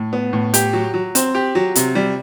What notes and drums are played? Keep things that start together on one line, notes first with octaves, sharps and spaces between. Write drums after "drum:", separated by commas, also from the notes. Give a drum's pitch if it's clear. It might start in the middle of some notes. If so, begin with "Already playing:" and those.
Already playing: A2
B3
A2
G4, drum: hi-hat
F#3
F#3
C4, drum: hi-hat
G4
F#3
C3, drum: hi-hat
G3